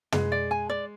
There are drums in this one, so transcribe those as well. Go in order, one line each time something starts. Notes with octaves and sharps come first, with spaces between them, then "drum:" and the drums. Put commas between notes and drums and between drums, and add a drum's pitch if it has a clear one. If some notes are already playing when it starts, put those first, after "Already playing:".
G#3 B4, drum: tom
D5
G#5
D5